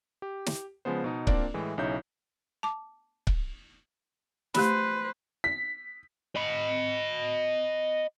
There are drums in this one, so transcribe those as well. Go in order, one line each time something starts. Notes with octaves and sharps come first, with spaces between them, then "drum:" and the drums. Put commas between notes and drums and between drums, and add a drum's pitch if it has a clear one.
G4
drum: snare
C#3 F3 G#3 B3 C5
B2 D#4
A#3 C4 D4 F4 A#4 D5, drum: kick C#1
A2 E3 G#3
B1 C#3 D#4 E4 C#5 G6
A5 D6
drum: kick C#1
A3 G4 B4 C5 B5, drum: snare
B6
D#5 B5